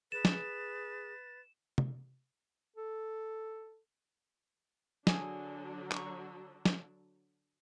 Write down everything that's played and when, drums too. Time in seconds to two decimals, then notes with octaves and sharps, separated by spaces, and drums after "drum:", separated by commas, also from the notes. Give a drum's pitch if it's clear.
0.12 G#4 B4 A6 E7
0.25 drum: snare
1.78 drum: tom
2.76 A4
5.07 D3 F#3 D4 G#4, drum: snare
5.92 A#5 C#6, drum: clap
6.65 drum: snare